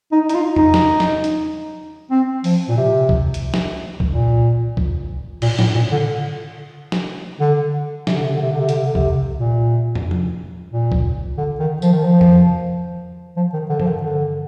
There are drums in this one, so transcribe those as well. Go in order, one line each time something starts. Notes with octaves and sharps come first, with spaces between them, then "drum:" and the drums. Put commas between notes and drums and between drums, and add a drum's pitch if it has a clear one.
D#4
D#4, drum: hi-hat
F4
D#4, drum: tom
drum: snare
drum: snare
drum: hi-hat
C4
F3, drum: open hi-hat
A#2
C3
drum: kick C2
drum: hi-hat
drum: snare
drum: kick C2
A#2
drum: kick C2
A#2, drum: cymbal
A2, drum: snare
A#2
D3
drum: snare
D3
C3, drum: snare
D3
C3
D3
C3
D3
C3
D3, drum: hi-hat
C3
D3
C3, drum: kick C2
A#2
drum: tom
drum: tom F3
A#2
drum: kick C2
D3
D#3
F3, drum: tambourine
D#3
F3
drum: tom
F3
D#3
D3
F3, drum: tom G2
D#3
D3